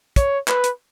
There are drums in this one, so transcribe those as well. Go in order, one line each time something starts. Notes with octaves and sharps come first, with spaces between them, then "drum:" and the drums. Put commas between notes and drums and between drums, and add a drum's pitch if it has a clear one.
C#5, drum: kick, hi-hat
B4, drum: clap
drum: hi-hat